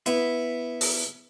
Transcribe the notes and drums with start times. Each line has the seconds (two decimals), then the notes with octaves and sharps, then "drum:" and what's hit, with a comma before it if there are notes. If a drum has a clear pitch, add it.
0.06 B3 E4, drum: hi-hat
0.81 drum: open hi-hat